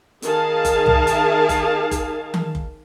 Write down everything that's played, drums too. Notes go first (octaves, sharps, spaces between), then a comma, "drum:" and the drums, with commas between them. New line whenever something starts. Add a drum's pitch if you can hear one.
D#3 G#4 A#4 F5 A5, drum: hi-hat
drum: kick F#1, hi-hat
drum: tom C2
drum: hi-hat
drum: kick F#1, hi-hat
drum: kick F#1, hi-hat
drum: tom D#3
drum: kick F#1